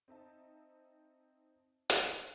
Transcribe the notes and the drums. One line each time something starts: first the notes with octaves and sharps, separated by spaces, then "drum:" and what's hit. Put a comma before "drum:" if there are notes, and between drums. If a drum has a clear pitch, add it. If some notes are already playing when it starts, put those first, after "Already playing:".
C4 D#4 E5 A5
drum: hi-hat